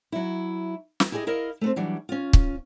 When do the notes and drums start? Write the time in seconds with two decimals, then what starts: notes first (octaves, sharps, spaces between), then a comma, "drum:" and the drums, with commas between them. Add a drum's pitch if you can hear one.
0.12 F#3 E4
1.00 drum: snare
1.12 E4 G4 G#4 D5 D#5
1.27 E4 A#4 D#5 F5
1.61 A3 B3 C4
1.76 E3 F#3 G3 D4
2.09 C#4 F4
2.33 drum: kick